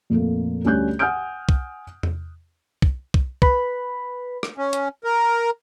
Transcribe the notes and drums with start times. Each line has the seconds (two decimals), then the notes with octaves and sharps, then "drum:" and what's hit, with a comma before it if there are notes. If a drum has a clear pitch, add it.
0.10 F2 A#2 A3 A#3
0.64 D2 G3 C#4 F#6 G6
0.99 F#5 G#5 D#6 F6 G6 D7
1.49 drum: kick
2.03 drum: tom E2
2.82 drum: kick
3.14 drum: kick
3.42 B4 B5, drum: kick
4.43 drum: rim click
4.58 C#4
4.73 drum: hi-hat
5.04 A#4